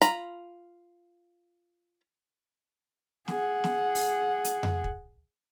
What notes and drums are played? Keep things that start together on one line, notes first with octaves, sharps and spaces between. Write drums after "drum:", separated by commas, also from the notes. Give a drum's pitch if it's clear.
F4 A#5 B5, drum: hi-hat
G#4 F#5, drum: snare
drum: snare
drum: open hi-hat
drum: hi-hat
drum: tom F2
drum: kick